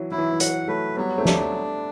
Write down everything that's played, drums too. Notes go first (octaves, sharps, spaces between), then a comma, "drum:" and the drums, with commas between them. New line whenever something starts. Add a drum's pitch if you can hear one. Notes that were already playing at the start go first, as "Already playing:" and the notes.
Already playing: E3 F#3
F#3 E4
E3
E3
F#3 F#5, drum: hi-hat
F#3 A3 B4
F#3 G3 B3
A3 C4
D4, drum: snare